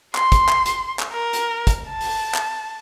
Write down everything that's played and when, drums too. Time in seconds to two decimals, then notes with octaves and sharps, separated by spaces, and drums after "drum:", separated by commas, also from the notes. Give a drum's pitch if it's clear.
0.15 C6, drum: clap
0.32 drum: kick, hi-hat
0.49 drum: clap
0.66 drum: hi-hat
0.99 drum: clap
1.12 A#4
1.33 drum: hi-hat
1.67 drum: kick, hi-hat
1.88 A5
2.01 drum: open hi-hat
2.34 drum: clap